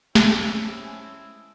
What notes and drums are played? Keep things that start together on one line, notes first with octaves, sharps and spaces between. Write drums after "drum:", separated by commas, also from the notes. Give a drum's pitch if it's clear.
G#3 C4 C#4 E4 G#4 A5, drum: snare